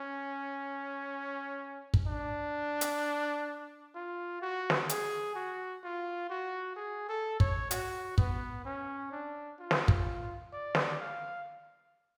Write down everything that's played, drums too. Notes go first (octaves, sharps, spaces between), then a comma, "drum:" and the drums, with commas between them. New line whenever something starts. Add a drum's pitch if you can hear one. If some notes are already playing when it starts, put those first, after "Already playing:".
Already playing: C#4
drum: kick
D4
drum: hi-hat
F4
F#4
drum: snare
G#4, drum: hi-hat
F#4
F4
F#4
G#4
A4
C#5, drum: kick
F#4, drum: hi-hat
B3, drum: kick
C#4
D4
F4
drum: snare
drum: kick
D5
drum: snare
F5